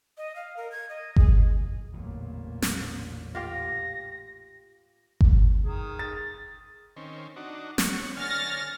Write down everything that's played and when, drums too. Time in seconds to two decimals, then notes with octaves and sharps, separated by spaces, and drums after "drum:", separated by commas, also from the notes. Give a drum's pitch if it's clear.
0.17 D#5
0.36 F5
0.57 A#4
0.72 G#6
0.89 D#5
1.16 G#4, drum: kick G1
1.94 A1 E2 A#2 D3 F#3
2.62 drum: snare
3.35 F4 G4 F5 A#6
5.21 drum: kick G1
5.63 D#3 G#4
5.99 A6
6.96 D#3 C4 C#4
7.36 D4 D#4 F#4
7.78 C#5 F#5 C#6, drum: snare
8.17 D3 C#5 G#5 F6 A6 A#6